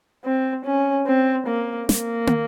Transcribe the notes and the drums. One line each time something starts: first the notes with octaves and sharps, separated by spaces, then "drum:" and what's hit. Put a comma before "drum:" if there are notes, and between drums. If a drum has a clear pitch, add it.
C4
C#4
C4
A#3
A#3, drum: snare
drum: tom